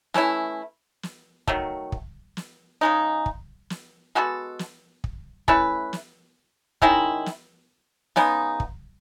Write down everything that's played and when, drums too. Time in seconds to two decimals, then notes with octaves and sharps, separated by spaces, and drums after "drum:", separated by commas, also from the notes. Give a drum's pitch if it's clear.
0.14 E3 A3 C#4 E4, drum: snare
1.03 drum: snare
1.47 D#3 F#3 A3, drum: kick
1.92 drum: kick
2.37 drum: snare
2.81 C#3 G#3 D#4
3.26 drum: kick
3.70 drum: snare
4.15 G#3 B3 F#4 A4
4.59 drum: snare
5.04 drum: kick
5.48 A3 C#4 E4 B4, drum: kick
5.93 drum: snare
6.82 D#3 G#3 C#4 E4, drum: kick
7.26 drum: snare
8.16 C#3 G#3 B3 D#4, drum: snare
8.60 drum: kick